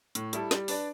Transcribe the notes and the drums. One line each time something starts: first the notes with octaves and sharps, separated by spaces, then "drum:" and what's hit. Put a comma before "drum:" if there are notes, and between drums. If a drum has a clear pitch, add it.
A2, drum: hi-hat
G3 E4 A4, drum: hi-hat
G3, drum: snare
D4 B4 D5, drum: open hi-hat